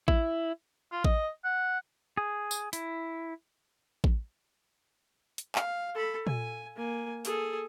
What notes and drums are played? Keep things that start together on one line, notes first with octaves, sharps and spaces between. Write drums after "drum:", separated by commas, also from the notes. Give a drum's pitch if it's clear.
E4, drum: kick A1
F4
D#5, drum: kick A1
F#5
G#4
drum: tambourine
E4, drum: hi-hat
drum: kick A1
drum: hi-hat
F5, drum: clap
A4 B5
G#5, drum: tom A#2
A#3 G#5
G#4 A4, drum: hi-hat